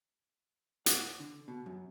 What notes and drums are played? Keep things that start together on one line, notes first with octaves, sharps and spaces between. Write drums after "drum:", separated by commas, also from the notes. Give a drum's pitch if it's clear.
F#5, drum: hi-hat
D3
B2
F#2